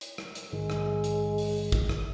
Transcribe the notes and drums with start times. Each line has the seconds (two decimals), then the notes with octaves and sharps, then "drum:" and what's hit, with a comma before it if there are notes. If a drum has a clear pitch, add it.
0.01 drum: hi-hat
0.18 drum: rim click
0.35 drum: hi-hat
0.53 A#1 G#2 D#3 G#3
0.70 drum: rim click
1.04 drum: hi-hat
1.38 drum: open hi-hat
1.72 drum: kick, hi-hat
1.89 drum: rim click